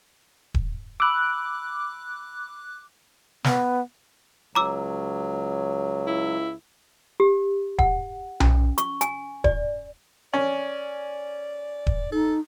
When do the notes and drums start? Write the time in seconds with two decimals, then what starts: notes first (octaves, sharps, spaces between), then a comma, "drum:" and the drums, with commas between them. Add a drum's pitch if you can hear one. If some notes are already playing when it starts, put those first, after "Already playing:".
0.54 drum: kick D#1
1.00 B5 D6 E6 F#6
3.44 B3, drum: snare
4.55 C#2 F#3 A#5 D6 E6
6.07 E4
7.20 G4
7.79 F#5, drum: kick D#1
8.40 C#4, drum: tom B1
8.78 C#6, drum: hi-hat
9.01 G#5, drum: hi-hat
9.44 D5, drum: kick D#1
10.34 C#4 D5
11.87 drum: kick D#1
12.12 D#4 A4